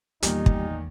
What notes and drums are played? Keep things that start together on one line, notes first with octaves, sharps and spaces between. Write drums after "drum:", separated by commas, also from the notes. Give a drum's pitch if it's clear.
E2 A#2 D#3 G3 A3 D#4 G4, drum: hi-hat
drum: kick